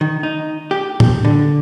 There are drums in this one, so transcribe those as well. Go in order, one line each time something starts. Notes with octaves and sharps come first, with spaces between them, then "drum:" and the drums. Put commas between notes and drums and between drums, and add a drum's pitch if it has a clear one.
D#3
D#4
G4
drum: tom A2
D3